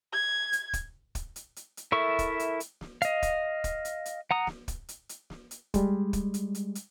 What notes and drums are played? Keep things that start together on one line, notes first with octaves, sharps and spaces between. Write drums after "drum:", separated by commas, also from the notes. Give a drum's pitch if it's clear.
G#6
drum: hi-hat
drum: kick, hi-hat
drum: kick, hi-hat
drum: hi-hat
drum: hi-hat
drum: hi-hat
E4 A4 A#4 E5 C#6
drum: kick, hi-hat
drum: hi-hat
drum: hi-hat
drum: snare
D#5 F5, drum: hi-hat
drum: kick, hi-hat
drum: kick, hi-hat
drum: hi-hat
drum: hi-hat
F#5 A#5 D#6
drum: snare
drum: kick, hi-hat
drum: hi-hat
drum: hi-hat
drum: snare
drum: hi-hat
G3 G#3, drum: kick, hi-hat
drum: kick, hi-hat
drum: hi-hat
drum: hi-hat
drum: hi-hat